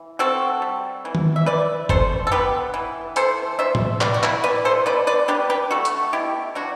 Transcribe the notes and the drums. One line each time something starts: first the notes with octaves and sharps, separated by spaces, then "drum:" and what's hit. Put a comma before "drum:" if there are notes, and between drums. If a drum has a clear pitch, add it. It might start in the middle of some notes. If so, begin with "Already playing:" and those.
Already playing: E3
C4 F#4 A4
G3
E3
drum: tom D#3
E5
E3 B4 D5
D4 A4 C5, drum: kick
A4
B3 G4 B4
E3
E3 A4 C5, drum: hi-hat
D4 C5 E5
drum: tom A2
G3 B4 D5, drum: clap
F#4
E4, drum: clap
E3 B4 D5
A4 C5
B2 B4 D5
B4 D5
D4 G4 B4
G4 B4
A3 F#4 A4
drum: hi-hat
B2 E4 G4
F#3 D4 F#4